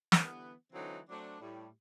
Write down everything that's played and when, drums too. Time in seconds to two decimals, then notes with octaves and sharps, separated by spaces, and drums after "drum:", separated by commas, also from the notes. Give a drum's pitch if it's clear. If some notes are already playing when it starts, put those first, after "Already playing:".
0.12 drum: snare
0.22 D3 E3 G3 B3
0.73 D3 E3 F#3 A3 C4 D#4
1.10 F#3 A3 C4 D4
1.41 A2 G3